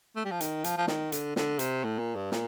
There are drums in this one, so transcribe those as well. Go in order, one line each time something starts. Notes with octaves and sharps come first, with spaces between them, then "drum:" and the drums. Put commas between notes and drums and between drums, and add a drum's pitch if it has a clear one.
A3
G3
F3
D#3, drum: hi-hat
F3, drum: hi-hat
F3
D#3, drum: snare
D3, drum: hi-hat
D3, drum: snare
C3, drum: hi-hat
A2
A#2
G2
A#2, drum: snare